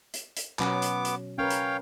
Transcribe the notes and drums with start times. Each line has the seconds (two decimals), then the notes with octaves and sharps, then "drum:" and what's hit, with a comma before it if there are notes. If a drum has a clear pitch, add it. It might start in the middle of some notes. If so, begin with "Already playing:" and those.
0.14 drum: hi-hat
0.37 drum: hi-hat
0.59 B2 F#3 B3 C#4 D6, drum: clap
0.82 drum: hi-hat
1.05 drum: hi-hat
1.38 C#4 A#4 B4 C#5 F5 G5
1.50 drum: hi-hat